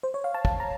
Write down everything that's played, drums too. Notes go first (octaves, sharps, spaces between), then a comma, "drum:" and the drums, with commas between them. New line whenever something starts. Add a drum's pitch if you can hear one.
C5
C#5
F5
A5
A5, drum: kick
A#5